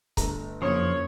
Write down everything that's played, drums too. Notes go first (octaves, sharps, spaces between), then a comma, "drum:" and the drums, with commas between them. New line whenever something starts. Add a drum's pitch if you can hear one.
G1 A3 A#5, drum: kick C#1, hi-hat
F#1 F2 F3 A#3 C#4 C#5 C#6 D#6